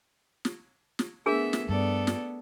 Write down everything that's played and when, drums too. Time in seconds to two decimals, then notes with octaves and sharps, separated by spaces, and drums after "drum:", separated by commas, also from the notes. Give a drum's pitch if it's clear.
0.45 drum: snare
0.99 drum: snare
1.26 A3 B3 D4 G#4 A#4 E5
1.53 drum: snare
1.69 G2 B3 A4 D5
2.07 drum: snare